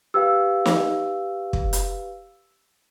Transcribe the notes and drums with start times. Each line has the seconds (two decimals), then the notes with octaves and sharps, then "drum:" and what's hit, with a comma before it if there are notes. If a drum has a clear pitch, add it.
0.14 G4 B4 F5 E6
0.66 drum: snare
1.53 drum: kick
1.73 drum: hi-hat